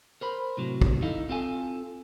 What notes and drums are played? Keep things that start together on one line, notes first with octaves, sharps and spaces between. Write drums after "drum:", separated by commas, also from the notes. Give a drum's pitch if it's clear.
A#4 C5 B5
A2 C3 F#3
drum: kick
D#4 E4 A4 D#5 F5
C4 F4 A4 F5 G#5